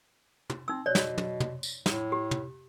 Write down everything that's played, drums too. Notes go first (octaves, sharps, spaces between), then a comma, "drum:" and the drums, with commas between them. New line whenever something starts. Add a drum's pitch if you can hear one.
drum: tom
C4 D#4 E6
B2 C#5 D5
drum: snare
drum: tom
drum: tom
drum: tambourine
A2, drum: snare
G4
drum: tom